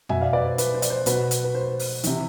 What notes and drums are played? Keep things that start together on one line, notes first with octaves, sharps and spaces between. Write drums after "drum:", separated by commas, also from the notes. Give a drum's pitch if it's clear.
B2 E5 G#5, drum: tom F2
D5 F5
B4 D5
C5
B4, drum: hi-hat
C5
D5, drum: hi-hat
C5
B2 B4, drum: hi-hat
drum: hi-hat
B4
C5
drum: open hi-hat
C3 E3, drum: hi-hat